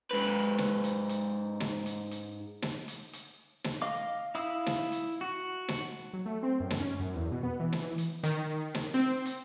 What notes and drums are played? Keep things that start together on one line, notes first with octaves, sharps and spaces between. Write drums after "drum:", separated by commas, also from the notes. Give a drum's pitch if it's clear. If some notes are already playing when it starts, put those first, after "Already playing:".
G#2 B4
drum: snare
drum: hi-hat
drum: hi-hat
drum: snare
drum: hi-hat
drum: hi-hat
drum: snare
drum: hi-hat
drum: hi-hat
drum: snare
D#5 F5 D6
E4 F5 D#6 E6
drum: snare
drum: hi-hat
F#4
drum: snare
F#3
A3
C4
F#2
drum: snare
C#4
F#2
E2
B2
B3
E3
drum: snare
drum: hi-hat
D#3, drum: hi-hat
drum: snare
C4
drum: hi-hat